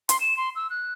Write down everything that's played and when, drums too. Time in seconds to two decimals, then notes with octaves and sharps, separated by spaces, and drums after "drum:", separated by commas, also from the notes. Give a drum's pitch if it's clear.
0.09 C6, drum: hi-hat
0.21 E7
0.37 C6
0.56 E6
0.70 F#6